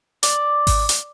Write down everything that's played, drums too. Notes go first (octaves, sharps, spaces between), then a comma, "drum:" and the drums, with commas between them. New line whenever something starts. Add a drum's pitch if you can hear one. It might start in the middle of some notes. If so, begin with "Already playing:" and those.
D5, drum: hi-hat
drum: kick G#1, open hi-hat
drum: hi-hat